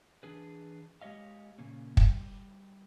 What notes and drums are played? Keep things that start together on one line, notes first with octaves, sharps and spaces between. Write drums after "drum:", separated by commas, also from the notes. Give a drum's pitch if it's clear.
E3 D4 G#4 B4
G#3 G4 C#5 D#5 F5
A#2 C#3 A#3 C#4
G3, drum: kick